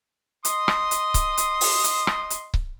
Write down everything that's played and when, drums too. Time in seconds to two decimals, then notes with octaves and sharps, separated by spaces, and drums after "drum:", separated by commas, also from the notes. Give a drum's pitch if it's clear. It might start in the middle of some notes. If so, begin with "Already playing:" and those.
0.45 D#5 C6 D#6, drum: hi-hat
0.68 drum: rim click
0.91 drum: hi-hat
1.14 drum: kick C#1, hi-hat
1.37 drum: hi-hat
1.61 drum: open hi-hat
1.84 drum: hi-hat
2.07 drum: rim click
2.30 drum: hi-hat
2.54 drum: kick C#1